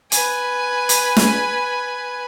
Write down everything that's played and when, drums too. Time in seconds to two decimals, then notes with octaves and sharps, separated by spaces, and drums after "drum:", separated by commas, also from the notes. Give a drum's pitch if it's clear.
0.12 B4 G#5, drum: hi-hat
0.89 drum: hi-hat
1.17 drum: snare